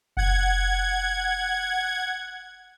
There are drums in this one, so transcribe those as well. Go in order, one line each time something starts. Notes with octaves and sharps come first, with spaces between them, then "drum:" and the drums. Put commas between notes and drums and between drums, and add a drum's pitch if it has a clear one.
F#5 G#6, drum: kick F#1